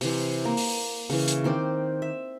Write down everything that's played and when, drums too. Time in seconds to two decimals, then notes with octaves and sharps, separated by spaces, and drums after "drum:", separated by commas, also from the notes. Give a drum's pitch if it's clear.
0.01 C3 E3, drum: open hi-hat
0.45 A#3
0.57 drum: open hi-hat
1.10 C#3 E3, drum: open hi-hat
1.28 drum: hi-hat
1.44 D#3 C4 C5 D6
2.02 E5